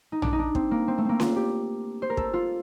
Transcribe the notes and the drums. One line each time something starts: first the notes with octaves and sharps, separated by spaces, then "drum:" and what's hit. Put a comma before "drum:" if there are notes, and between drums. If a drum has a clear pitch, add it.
D#4
D4, drum: tom A#1
D#4
D4
C4, drum: kick
A#3
C4
A3
A#3 C4
F4, drum: snare C#4
G4
C5
A#4
A4, drum: kick
F4